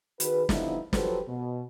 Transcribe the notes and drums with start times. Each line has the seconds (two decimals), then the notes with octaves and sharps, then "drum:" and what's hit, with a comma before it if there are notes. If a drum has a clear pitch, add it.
0.20 D#3 F#4 G#4 B4, drum: hi-hat
0.49 D3 F3 G3 B3 D#4 E4, drum: snare
0.93 F3 F#3 G4 A4 B4 C5, drum: snare
1.28 B2